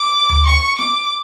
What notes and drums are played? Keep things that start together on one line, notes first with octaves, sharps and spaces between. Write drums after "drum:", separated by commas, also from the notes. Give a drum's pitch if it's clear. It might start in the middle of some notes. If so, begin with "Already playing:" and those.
Already playing: D6
drum: tom D2
C#6
D6, drum: snare E4